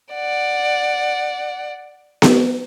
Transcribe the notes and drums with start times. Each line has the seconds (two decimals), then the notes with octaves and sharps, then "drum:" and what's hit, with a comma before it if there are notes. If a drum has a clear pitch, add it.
0.14 D5 F#5
2.22 drum: snare B3